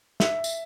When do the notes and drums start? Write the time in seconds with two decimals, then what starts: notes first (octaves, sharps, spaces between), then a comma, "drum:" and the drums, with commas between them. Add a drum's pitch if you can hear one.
0.20 E5, drum: snare
0.44 drum: tambourine